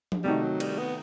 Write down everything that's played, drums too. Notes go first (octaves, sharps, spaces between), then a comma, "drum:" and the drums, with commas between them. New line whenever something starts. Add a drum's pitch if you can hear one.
drum: tom F3
C3 D#3 G3 A3 D#4 F#4
F#3
G3, drum: cymbal
B3